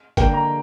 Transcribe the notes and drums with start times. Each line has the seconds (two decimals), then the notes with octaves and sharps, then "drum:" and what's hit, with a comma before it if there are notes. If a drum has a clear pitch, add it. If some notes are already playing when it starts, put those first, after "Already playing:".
0.17 D3 A#3 G5, drum: kick G1, hi-hat
0.34 A#5